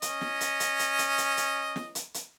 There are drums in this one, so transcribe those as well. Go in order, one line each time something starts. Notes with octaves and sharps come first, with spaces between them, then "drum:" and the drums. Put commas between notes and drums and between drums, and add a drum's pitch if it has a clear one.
C#4 D#5, drum: hi-hat
drum: snare
drum: hi-hat
drum: hi-hat
drum: hi-hat
drum: hi-hat
drum: hi-hat
drum: hi-hat
drum: snare
drum: hi-hat
drum: hi-hat